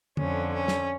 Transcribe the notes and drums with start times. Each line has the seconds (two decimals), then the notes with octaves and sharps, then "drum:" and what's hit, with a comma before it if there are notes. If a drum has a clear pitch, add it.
0.17 F2 D3 C#4, drum: tom
0.54 C#4
0.68 drum: snare